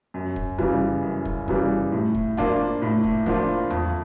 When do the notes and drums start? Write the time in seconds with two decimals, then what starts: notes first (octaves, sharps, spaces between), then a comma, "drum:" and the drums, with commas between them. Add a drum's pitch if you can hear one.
0.14 F#2
0.36 drum: kick
0.59 C#3 E3 G3, drum: kick
1.02 F#2
1.25 drum: kick
1.48 C#3 E3 G3, drum: kick
1.92 A2
2.15 drum: kick
2.37 F3 A#3 D4 F4, drum: kick
2.82 A2
3.04 drum: kick
3.26 F3 A#3 D4 F4, drum: kick
3.70 F2, drum: tom E2